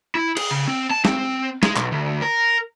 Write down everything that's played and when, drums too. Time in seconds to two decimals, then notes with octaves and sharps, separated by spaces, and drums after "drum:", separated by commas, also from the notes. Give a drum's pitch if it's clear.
0.15 E4
0.37 G#4, drum: cymbal
0.51 C#3
0.68 C4
0.91 A5
1.05 C4, drum: snare
1.63 G#3, drum: snare
1.76 B1, drum: clap
1.92 D2
2.22 A#4